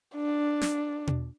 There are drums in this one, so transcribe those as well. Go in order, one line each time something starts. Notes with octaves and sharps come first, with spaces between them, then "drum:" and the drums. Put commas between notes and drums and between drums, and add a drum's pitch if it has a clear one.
D4
drum: snare
drum: tom B2